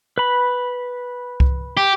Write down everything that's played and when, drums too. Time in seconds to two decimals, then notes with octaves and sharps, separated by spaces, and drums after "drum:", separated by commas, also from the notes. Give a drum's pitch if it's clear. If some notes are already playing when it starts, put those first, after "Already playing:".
0.18 B4 B5
1.40 drum: kick C2
1.77 G4